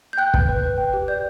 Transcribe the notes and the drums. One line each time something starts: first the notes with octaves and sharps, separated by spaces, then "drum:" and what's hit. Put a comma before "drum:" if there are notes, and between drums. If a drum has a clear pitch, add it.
G6
G5 F#6
B4, drum: kick
B4
B4
G5
G4
D5 G6